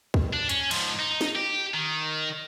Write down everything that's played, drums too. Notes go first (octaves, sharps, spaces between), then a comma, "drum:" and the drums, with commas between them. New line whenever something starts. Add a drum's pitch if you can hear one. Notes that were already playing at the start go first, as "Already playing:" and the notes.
drum: kick
D4
C#4, drum: hi-hat
G#2 F3, drum: cymbal
D#4
drum: snare
G4
D#3